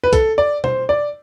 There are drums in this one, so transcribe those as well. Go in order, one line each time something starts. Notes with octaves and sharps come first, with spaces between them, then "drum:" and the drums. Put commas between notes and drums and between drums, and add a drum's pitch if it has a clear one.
B4
A4, drum: kick B1, hi-hat
D5
C5, drum: tom B2
D5